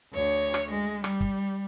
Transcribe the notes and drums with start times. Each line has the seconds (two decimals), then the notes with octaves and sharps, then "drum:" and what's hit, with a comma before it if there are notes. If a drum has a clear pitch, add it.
0.13 D2 C#5
0.54 drum: rim click
0.71 G#3
1.04 G3, drum: rim click
1.21 drum: kick